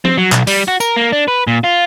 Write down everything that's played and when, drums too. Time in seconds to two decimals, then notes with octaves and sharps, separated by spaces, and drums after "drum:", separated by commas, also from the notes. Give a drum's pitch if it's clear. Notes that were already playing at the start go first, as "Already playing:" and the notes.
0.05 C4, drum: tom F3
0.18 F#3
0.32 B1, drum: clap
0.47 G3, drum: open hi-hat
0.68 F#4
0.80 A#4, drum: tambourine
0.96 A#3
1.12 D4
1.28 B4
1.47 A#2
1.64 F4